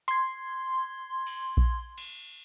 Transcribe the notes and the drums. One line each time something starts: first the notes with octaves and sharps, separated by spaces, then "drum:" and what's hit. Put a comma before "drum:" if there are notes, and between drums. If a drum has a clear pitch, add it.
C6 G#6, drum: hi-hat
drum: cymbal
drum: kick A#1
drum: cymbal